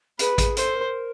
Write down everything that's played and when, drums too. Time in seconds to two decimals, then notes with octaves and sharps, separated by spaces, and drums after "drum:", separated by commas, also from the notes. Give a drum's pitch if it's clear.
0.19 G#4 B4, drum: hi-hat
0.38 G#4, drum: kick A1, hi-hat
0.57 A4 C5, drum: hi-hat
0.75 A#4